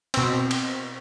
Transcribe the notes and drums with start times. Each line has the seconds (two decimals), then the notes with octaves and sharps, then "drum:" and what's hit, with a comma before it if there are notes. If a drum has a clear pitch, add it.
0.14 B2 C4, drum: cymbal
0.51 drum: cymbal